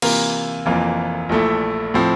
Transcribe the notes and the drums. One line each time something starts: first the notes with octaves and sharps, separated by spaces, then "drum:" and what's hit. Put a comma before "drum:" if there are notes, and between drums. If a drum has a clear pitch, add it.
C3 E3 A#3 F4 A#4, drum: cymbal
F1 F2 E3 A#3 F4
A#1 A#2 A3 E4
A2 F3 C4